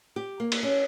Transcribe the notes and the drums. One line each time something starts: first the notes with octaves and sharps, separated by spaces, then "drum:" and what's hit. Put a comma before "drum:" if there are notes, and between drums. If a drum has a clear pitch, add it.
G4
A#3
drum: cymbal
C#4